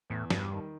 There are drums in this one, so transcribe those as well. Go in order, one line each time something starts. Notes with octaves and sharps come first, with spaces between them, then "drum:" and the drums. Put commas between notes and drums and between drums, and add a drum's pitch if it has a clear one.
E2 A2
G2 G3, drum: snare
D#3